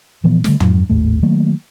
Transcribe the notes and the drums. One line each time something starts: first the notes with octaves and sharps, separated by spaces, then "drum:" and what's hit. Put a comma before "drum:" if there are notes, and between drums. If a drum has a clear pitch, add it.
A#2 E3 F3 B3
D3 G3 A3, drum: snare
F2 F#3, drum: tom
G#1 D#2 A2 A3
D#3 F#3 A3 A#3